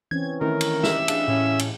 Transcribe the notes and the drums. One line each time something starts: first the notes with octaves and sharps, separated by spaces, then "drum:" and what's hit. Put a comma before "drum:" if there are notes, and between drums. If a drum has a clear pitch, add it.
E3 C4 C#4 G#6
D#3 A3 C#4 E4 A#4
drum: cymbal
G4 E5, drum: snare
D4 G#4 F5, drum: cymbal
A2 C#4
drum: cymbal